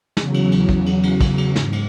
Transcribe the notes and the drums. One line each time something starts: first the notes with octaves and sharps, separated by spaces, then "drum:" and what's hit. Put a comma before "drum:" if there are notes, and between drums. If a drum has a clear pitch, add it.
E2 C#3 F#3, drum: snare
drum: cymbal
drum: cymbal
drum: kick
drum: cymbal
drum: cymbal
drum: kick, cymbal
drum: cymbal
G#2, drum: snare
drum: cymbal